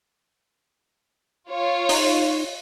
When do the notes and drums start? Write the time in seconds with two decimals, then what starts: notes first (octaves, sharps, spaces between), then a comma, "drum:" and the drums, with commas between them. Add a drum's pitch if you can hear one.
1.50 F4 C#5
1.89 D#4, drum: open hi-hat